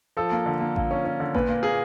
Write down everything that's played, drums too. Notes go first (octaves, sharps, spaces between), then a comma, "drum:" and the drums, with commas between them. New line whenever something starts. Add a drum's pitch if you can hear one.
F3 A4
A#3
D3
A#3
A#3, drum: kick A1
C#4
C#4
D3
A#2 B4, drum: kick A1
A#3
A#3 G#4